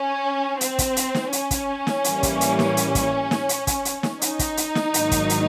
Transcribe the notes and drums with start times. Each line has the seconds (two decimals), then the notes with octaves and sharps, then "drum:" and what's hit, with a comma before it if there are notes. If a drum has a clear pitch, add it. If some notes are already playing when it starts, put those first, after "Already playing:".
Already playing: C#4
0.61 C4, drum: hi-hat
0.78 drum: kick, hi-hat
0.97 drum: hi-hat
1.15 drum: snare
1.33 C#4, drum: hi-hat
1.51 drum: kick, hi-hat
1.87 drum: snare
2.04 A2 E3 G3 A#3, drum: hi-hat
2.23 drum: kick, hi-hat
2.41 drum: hi-hat
2.59 drum: snare
2.77 drum: hi-hat
2.95 drum: kick, hi-hat
3.31 drum: snare
3.49 drum: hi-hat
3.67 drum: kick, hi-hat
3.85 drum: hi-hat
4.03 drum: snare
4.22 D#4, drum: hi-hat
4.39 drum: kick, hi-hat
4.57 drum: hi-hat
4.75 drum: snare
4.94 G#2 D#3 F#3 A#3, drum: hi-hat
5.11 drum: kick, hi-hat
5.29 drum: hi-hat